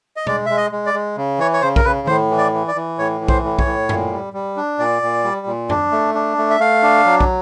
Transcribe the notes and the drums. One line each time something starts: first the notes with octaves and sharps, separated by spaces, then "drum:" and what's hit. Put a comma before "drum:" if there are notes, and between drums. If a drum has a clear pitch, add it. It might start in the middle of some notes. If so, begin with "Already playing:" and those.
D#5
G#3 D5, drum: tom B2
G#3 E5
D#5
G#3
D5
G#3
C#3
E3 C#5
C#5
C#3 C5
A#4, drum: kick
C#3 B4
A2 C5, drum: tom D#3
E3
D5
E3
D5
E3
A2 C#5
E3
C5, drum: kick
A2
C#5, drum: kick
A2
A#2, drum: tom F#2
G3
G3
D4
A#2 D5
A#2
G3
A#2
D4, drum: tom F#2
A3
D4
A3
E5
A3 F5
D4
F#3
drum: kick